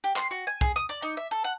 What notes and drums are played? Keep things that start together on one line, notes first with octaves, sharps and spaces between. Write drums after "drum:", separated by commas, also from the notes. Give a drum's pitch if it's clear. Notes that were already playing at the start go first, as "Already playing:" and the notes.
G4
C6, drum: clap
F#4
G#5
G#4, drum: kick
D#6
D5
D#4
E5
A4
F#5